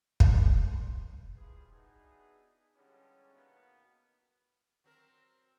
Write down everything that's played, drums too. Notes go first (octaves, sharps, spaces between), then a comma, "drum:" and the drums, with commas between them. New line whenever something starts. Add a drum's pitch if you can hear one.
D4, drum: kick
C5
F3 G3 E4 F4 G#4 B4
B2 E3 B3 D4 D#4 G#4
D3 E3 G3 G#3 C#4
B2 D#3 A#3 B3
F#3 C4 A#4